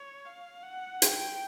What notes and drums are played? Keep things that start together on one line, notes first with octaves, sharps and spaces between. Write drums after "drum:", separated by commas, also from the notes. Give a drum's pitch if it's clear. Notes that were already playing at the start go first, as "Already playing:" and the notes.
Already playing: C#5
F5
F#5
G5, drum: hi-hat